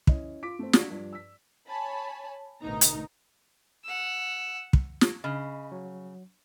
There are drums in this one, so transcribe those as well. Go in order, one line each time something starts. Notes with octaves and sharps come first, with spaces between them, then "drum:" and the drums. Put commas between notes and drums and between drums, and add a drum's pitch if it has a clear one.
C#4 E4 D#5, drum: kick
F4 D6 B6 D7
A3 C4
D4 F4 F#4, drum: snare
G2 F3
E6 B6
C#5 G#5 A5 B5
A1 D2 B2 D#4 A#4 A#5
drum: hi-hat
F#5 E6
drum: kick
drum: snare
C#3 D#5 B5
F#3